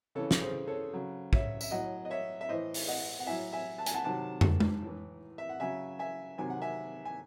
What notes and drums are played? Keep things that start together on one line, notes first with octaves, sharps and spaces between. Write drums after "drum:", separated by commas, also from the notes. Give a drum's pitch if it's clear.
C#3 E3 A4 C#5
drum: snare
G#4 C5
A4 C#5
C#3 F#3
C#5 E5, drum: kick
E5, drum: tambourine
A2 F#3 D#5 F#5
D#5
C#5 E5
E5
A2 E3 C5 D#5
drum: open hi-hat
D#5 F#5
F#5
A2 F#3 E5 G#5
E5 G#5
A5
G#5, drum: hi-hat
F#5 A5
C3 D#3 F#3 F#5 A5
drum: tom
drum: tom G#3
A2 E3
E5
F#5
C#3 F#3 E5 G#5
E5 G#5
C3 D#3 F#3 G#5
F#5
E5 G#5
G#5